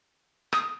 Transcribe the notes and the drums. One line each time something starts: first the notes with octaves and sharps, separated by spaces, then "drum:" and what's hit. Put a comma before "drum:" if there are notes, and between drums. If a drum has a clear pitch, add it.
D#6, drum: rim click